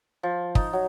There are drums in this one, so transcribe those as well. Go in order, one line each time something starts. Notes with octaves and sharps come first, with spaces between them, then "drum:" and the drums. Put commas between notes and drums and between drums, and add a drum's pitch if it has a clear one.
F3
D#4, drum: kick
F#3